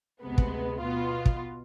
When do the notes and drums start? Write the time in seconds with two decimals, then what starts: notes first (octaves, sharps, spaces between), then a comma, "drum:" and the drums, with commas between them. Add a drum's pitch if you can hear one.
0.23 D2 C3 G#3 B3
0.38 drum: kick
0.81 B2 B3 F4
1.26 drum: kick